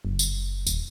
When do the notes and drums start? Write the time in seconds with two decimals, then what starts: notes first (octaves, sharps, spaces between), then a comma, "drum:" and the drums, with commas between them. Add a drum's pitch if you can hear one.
0.05 F#1
0.19 drum: tambourine
0.67 D#1, drum: tambourine